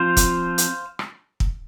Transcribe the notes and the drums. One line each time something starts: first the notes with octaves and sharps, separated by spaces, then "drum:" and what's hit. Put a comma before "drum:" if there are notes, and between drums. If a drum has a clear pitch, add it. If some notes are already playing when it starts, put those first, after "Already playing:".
Already playing: F3 C4 F4 C5 F5
drum: kick, hi-hat
drum: hi-hat
drum: rim click
drum: kick